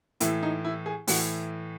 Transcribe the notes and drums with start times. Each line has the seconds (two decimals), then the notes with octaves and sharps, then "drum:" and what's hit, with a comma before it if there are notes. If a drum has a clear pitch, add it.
0.20 A2 E3 E4, drum: hi-hat
0.43 D#4
0.65 E4
0.86 G#4
1.07 A2 E3 F#4, drum: open hi-hat